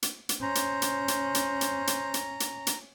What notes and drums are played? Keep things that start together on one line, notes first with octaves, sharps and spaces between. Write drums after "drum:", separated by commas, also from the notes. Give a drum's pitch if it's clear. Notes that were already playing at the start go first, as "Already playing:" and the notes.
drum: hi-hat
drum: hi-hat
C#4 C5 A#5
drum: hi-hat
drum: hi-hat
drum: hi-hat
drum: hi-hat
drum: hi-hat
drum: hi-hat
drum: hi-hat
drum: hi-hat
drum: hi-hat